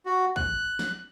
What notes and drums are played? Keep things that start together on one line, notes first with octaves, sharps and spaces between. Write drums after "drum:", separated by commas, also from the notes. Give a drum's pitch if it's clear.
F#4
F#6, drum: kick
drum: snare